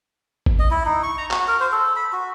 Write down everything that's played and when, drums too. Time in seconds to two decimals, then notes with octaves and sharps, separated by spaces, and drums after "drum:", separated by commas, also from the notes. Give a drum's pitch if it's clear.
0.46 drum: kick G#1
0.59 D#5
0.71 E4
0.86 D#4
1.03 C#6
1.18 A#5
1.31 F#4, drum: clap
1.48 A#4
1.60 C5
1.72 A4
1.96 B5
2.13 F#4